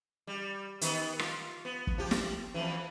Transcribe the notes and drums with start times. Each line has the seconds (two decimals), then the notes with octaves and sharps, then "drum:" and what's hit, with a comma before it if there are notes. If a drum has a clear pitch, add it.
0.27 G3
0.81 D#3 B3, drum: hi-hat
1.19 F4, drum: rim click
1.65 B3
1.87 drum: kick
1.98 F3 G4
2.11 drum: snare
2.54 F2 D#3 E3